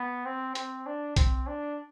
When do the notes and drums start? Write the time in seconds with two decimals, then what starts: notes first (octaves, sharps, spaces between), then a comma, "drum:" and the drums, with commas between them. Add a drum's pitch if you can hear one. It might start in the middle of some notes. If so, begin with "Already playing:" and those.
Already playing: B3
0.25 C4
0.55 C4, drum: hi-hat
0.86 D4
1.16 C4, drum: kick, hi-hat
1.47 D4